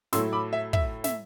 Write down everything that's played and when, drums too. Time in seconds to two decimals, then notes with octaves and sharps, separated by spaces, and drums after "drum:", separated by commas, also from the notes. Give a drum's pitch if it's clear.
0.13 A2 F#3 A3 E4 C6 E6, drum: snare
0.33 B5 D6
0.53 E5
0.73 E5, drum: kick
1.04 E5, drum: snare